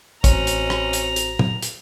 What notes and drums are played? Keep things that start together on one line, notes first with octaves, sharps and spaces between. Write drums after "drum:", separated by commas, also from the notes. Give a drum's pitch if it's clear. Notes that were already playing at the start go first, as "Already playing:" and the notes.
A1 C4 C#4 F#4 C5 A#5, drum: kick, hi-hat
drum: hi-hat
drum: rim click
drum: hi-hat
drum: hi-hat
drum: tom
drum: hi-hat